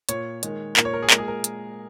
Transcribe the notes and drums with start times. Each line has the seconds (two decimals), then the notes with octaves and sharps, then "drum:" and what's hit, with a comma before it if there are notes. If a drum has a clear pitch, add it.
0.09 A#2 A#3 C#5, drum: hi-hat
0.43 D#3 G#3, drum: hi-hat
0.77 A#2 A#3 A#4, drum: clap
0.85 C#5
0.94 A#4
1.03 G#4
1.10 A#2 G#3 A#4, drum: clap
1.18 G#4
1.28 A#4
1.44 drum: hi-hat